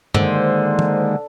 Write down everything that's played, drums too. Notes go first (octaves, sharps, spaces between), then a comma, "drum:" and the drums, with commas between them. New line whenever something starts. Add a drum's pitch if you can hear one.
D3 D#3 G#3 A#3 C5, drum: tom G2
drum: tom